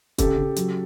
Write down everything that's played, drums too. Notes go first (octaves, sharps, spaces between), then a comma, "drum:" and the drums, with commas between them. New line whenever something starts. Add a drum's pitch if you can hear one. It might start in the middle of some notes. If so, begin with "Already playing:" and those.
C#3 G4 A4, drum: kick, hi-hat
C#3
F#3, drum: hi-hat